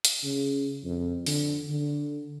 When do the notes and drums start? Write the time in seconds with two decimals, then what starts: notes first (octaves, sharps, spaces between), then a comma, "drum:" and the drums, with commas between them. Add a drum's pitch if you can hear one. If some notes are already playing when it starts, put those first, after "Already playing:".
0.05 drum: hi-hat
0.24 C#3
0.84 F2
1.26 D3, drum: open hi-hat
1.69 D3